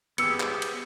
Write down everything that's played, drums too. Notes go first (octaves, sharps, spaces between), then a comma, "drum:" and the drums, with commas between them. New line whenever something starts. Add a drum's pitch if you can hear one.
B3 G4 G#4 E6 C#7, drum: cymbal
drum: clap
drum: cymbal